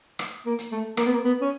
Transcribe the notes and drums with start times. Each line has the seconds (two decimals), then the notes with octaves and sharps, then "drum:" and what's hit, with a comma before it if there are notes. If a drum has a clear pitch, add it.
0.19 drum: rim click
0.46 A#3
0.58 drum: hi-hat
0.72 A3
0.97 A#3, drum: rim click
1.05 B3
1.13 A#3
1.24 B3
1.41 C#4